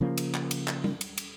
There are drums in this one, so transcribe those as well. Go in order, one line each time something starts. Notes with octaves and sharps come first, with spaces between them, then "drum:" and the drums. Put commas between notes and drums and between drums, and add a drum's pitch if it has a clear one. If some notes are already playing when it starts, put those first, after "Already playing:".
C#3 F3 A#3
drum: cymbal
drum: clap
drum: cymbal
drum: clap
drum: tom G3
drum: cymbal
drum: cymbal